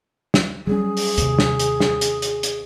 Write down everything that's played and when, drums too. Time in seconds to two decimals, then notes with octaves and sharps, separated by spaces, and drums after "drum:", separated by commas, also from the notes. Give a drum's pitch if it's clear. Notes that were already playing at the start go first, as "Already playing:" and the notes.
0.34 drum: snare
0.67 F#3 G3 C#4 G#4
0.97 drum: open hi-hat
1.18 D#2 C3, drum: hi-hat
1.39 drum: snare
1.60 drum: hi-hat
1.80 drum: snare
2.01 drum: hi-hat
2.22 drum: hi-hat
2.43 drum: hi-hat